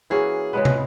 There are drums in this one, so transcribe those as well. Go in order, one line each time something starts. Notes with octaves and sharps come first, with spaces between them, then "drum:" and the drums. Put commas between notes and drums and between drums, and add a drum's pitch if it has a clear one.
E3 A#3 C#4 F#4 G#4
C#3 G#3 B3 B4
drum: tom